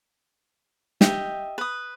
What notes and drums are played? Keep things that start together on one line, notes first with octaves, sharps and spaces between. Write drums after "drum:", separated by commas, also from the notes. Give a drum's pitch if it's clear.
G4 D#5 E5 G5, drum: snare
B4 D#6